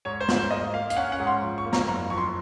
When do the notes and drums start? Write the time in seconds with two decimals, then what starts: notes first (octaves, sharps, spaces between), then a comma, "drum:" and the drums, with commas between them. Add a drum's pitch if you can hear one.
0.05 G#2 C#5
0.21 C5
0.28 G#2, drum: snare
0.36 C5
0.51 A#3 D#5
0.74 A#3 F5
0.90 F5, drum: hi-hat
0.97 C#4 F#5
1.12 F#5
1.20 G#2
1.27 C6
1.42 F3
1.58 C#6
1.65 A#3
1.73 A#5, drum: snare
1.88 F#1 A#5
2.10 F2 C#6
2.18 C6